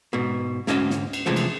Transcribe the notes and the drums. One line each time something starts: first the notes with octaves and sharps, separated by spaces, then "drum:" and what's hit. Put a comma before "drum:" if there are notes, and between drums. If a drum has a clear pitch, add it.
G#2 B2
D2 G#2 C#4 F#4 D#5, drum: snare
drum: snare
drum: cymbal
C3 E3 F3 G#3 A3
drum: cymbal